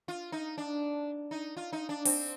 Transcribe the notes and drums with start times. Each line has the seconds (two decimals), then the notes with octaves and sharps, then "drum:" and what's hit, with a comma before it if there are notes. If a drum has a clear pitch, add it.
0.08 F4
0.32 D#4
0.58 D4
1.31 D#4
1.57 F4
1.73 D#4
1.89 D4
2.05 C4, drum: open hi-hat